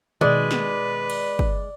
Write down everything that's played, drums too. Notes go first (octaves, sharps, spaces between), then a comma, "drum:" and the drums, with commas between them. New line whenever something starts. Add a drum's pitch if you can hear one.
B2 D#3 G#3 B4 D5
drum: snare
drum: cymbal
drum: kick